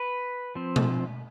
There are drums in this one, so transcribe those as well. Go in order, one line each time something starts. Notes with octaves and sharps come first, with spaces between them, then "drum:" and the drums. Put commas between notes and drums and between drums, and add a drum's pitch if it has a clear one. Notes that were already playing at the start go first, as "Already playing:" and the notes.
Already playing: B4
F3 C4
drum: tom B2